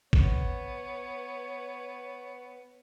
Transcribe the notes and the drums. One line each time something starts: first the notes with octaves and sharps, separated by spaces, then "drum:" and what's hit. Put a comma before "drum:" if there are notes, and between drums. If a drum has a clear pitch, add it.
B3 C#5, drum: kick